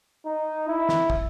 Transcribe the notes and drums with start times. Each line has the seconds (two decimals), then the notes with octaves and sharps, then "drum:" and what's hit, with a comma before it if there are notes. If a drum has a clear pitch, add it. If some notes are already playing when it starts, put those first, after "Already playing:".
0.26 D#4
0.68 E4
0.89 drum: snare
1.10 drum: kick